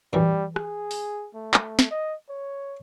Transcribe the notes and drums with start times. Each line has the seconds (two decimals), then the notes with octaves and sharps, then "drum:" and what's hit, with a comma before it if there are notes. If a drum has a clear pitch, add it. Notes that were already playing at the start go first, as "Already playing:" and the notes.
0.13 F#2 E3 G3
0.56 G#4, drum: rim click
0.91 drum: open hi-hat
1.35 A3
1.54 drum: clap
1.79 drum: snare
1.91 D#5
2.29 C#5